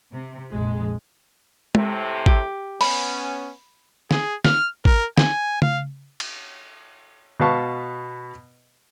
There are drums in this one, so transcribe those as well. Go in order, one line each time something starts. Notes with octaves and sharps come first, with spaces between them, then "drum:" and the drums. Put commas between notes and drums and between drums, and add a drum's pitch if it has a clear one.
C3
A#1 F2 G#3
A2 C3, drum: tom G#3
G4, drum: kick G#1
B3 C#4 B5, drum: open hi-hat
G#4, drum: snare
F6, drum: snare
A#4, drum: kick G#1
G#5, drum: snare
F5, drum: tom C#3
drum: cymbal
B2 B3 B4 F5 A5 C#6